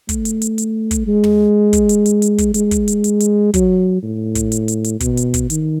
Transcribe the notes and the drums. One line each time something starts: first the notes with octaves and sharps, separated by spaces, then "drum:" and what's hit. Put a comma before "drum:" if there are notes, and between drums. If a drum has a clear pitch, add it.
A3, drum: kick, hi-hat
drum: hi-hat
drum: hi-hat
drum: hi-hat
drum: kick, hi-hat
G#3
drum: tom
drum: kick, hi-hat
drum: hi-hat
drum: hi-hat
drum: hi-hat
drum: kick, hi-hat
G#3, drum: hi-hat
drum: kick, hi-hat
drum: hi-hat
drum: hi-hat
drum: hi-hat
F#3, drum: kick, hi-hat
A2
drum: kick, hi-hat
drum: hi-hat
drum: hi-hat
drum: hi-hat
B2, drum: kick, hi-hat
drum: hi-hat
drum: kick, hi-hat
D#3, drum: hi-hat